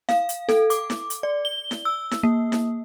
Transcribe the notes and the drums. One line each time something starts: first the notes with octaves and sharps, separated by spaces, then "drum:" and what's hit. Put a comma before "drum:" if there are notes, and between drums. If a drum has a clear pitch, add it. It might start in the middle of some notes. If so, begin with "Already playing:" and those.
F5, drum: snare E4
drum: hi-hat
A4, drum: snare E4
D6, drum: hi-hat
drum: snare E4
drum: hi-hat
D5
G7
drum: snare E4
E6
drum: snare E4
A#3
drum: snare E4